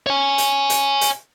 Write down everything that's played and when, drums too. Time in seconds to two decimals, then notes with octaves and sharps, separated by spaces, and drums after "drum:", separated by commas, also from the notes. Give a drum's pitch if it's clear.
0.07 C#5 G#5
0.38 drum: hi-hat
0.70 drum: hi-hat
1.01 drum: hi-hat